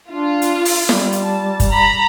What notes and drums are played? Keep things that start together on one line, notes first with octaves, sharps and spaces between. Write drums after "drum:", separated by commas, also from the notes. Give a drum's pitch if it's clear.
D4 F4
drum: hi-hat
drum: open hi-hat
G3, drum: snare
drum: hi-hat
A5
drum: kick F#1, hi-hat
A#5 B5